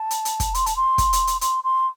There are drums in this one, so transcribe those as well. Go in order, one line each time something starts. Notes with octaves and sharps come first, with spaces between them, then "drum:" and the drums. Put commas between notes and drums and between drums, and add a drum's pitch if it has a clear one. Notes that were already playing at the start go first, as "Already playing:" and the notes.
Already playing: A5
drum: hi-hat
drum: hi-hat
drum: kick, hi-hat
C6, drum: hi-hat
A5, drum: hi-hat
C6
drum: kick, hi-hat
drum: hi-hat
drum: hi-hat
C6, drum: hi-hat
C6